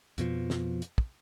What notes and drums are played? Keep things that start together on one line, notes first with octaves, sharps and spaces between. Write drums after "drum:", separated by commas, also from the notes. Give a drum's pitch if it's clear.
F2 B2 F3, drum: hi-hat
drum: snare
drum: hi-hat
drum: kick